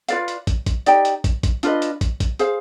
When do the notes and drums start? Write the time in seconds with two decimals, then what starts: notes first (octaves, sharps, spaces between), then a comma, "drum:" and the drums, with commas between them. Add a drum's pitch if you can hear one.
0.08 F4 B4 D5 F5, drum: hi-hat
0.28 drum: hi-hat
0.47 drum: kick, hi-hat
0.66 drum: kick, hi-hat
0.86 D#4 G4 D5 G5, drum: hi-hat
1.05 drum: hi-hat
1.24 drum: kick, hi-hat
1.43 drum: kick, hi-hat
1.63 D4 F4 B4 D#5, drum: hi-hat
1.82 drum: hi-hat
2.01 drum: kick, hi-hat
2.20 drum: kick, hi-hat
2.39 G#4 C5 F5, drum: hi-hat